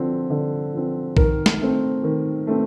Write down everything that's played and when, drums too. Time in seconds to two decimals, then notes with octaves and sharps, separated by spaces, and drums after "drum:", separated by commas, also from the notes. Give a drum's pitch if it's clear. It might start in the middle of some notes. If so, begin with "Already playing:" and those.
Already playing: D3 F3 C4
0.30 D3
0.73 F3 C4
1.17 D#3 A#4, drum: kick A#1
1.46 drum: snare
1.61 A3 C4
2.03 D#3
2.47 A3 C4